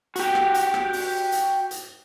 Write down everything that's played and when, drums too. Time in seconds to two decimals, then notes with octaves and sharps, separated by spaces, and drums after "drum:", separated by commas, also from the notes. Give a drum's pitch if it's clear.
0.16 F#4 G4, drum: hi-hat
0.35 drum: rim click
0.54 drum: hi-hat
0.74 drum: rim click
0.93 drum: open hi-hat
1.32 drum: hi-hat
1.71 drum: hi-hat